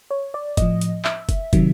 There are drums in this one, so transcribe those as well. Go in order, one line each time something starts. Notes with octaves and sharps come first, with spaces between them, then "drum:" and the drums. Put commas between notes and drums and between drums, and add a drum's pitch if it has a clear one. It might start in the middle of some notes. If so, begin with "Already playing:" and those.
C#5
D5
A2 F3 D#5, drum: kick, hi-hat
drum: hi-hat
E5, drum: clap
drum: kick, hi-hat
C3 D#3 F#3, drum: kick, hi-hat